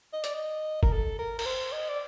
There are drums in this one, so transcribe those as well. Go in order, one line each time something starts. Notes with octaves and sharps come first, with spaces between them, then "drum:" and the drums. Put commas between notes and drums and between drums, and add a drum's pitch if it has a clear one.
D#5
D5, drum: hi-hat
D#5
A#4, drum: kick
A4
A#4
A#4, drum: cymbal
C5
D#5
D5